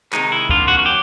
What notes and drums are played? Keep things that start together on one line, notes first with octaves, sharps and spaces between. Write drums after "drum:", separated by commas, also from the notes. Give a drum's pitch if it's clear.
C3 D#3 G#3 D#4, drum: clap
E4
F2 D3 F3 A#3 F4, drum: kick
F#4
F#4
F#3 G4